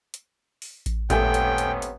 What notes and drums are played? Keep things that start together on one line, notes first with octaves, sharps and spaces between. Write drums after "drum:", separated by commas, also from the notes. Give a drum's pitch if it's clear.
drum: hi-hat
drum: open hi-hat
drum: kick A1, hi-hat
D#1 C3 A3 B3 C#4 G5 G#5, drum: kick A1, hi-hat
drum: hi-hat
drum: hi-hat
drum: hi-hat